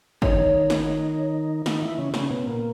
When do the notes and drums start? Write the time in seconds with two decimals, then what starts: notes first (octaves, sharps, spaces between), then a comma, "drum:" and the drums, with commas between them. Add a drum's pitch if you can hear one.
0.22 D#3 D#4 C#5, drum: kick G1
0.70 drum: snare
1.66 D#3 D#4, drum: snare
1.82 E3 E4
1.98 C#3 C#4
2.14 C#3 C#4, drum: snare
2.30 B2 B3
2.46 A#2 A#3